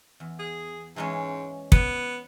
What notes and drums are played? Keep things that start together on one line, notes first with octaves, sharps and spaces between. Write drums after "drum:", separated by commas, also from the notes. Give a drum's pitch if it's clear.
E2
G#4
G#2 E3 G#3 C#4
B3, drum: kick